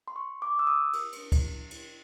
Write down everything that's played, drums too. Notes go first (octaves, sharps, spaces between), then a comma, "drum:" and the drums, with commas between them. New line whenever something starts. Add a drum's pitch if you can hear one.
C6
C#6
D6
E6
D#6
drum: cymbal
drum: cymbal
drum: kick C#2, cymbal
drum: cymbal